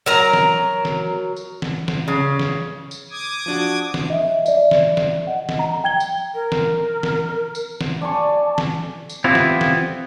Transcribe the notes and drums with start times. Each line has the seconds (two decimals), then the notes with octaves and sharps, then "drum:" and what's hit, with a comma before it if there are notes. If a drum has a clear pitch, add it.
0.06 F#3 A#4 A#5
0.33 drum: snare
0.85 drum: snare
1.36 drum: tambourine
1.62 drum: snare
1.88 drum: snare
2.08 C#3
2.40 drum: snare
2.91 drum: tambourine
3.10 D6 D#6 G#6
3.46 F3 D4 F#4
3.94 drum: snare
4.10 D#5 E5
4.46 D5 E5, drum: tambourine
4.71 drum: snare
4.97 drum: snare
5.27 D#5 F#5
5.49 drum: snare
5.59 A#5
5.84 G5 G#6 G7
6.00 drum: tambourine
6.34 A#4
6.52 drum: snare
7.03 drum: snare
7.55 drum: tambourine
7.81 drum: snare
8.01 D5 G#5 A5 C#6
8.58 drum: snare
9.09 drum: tambourine
9.24 B3 C4 E4 F4 G4
9.35 drum: snare
9.61 drum: snare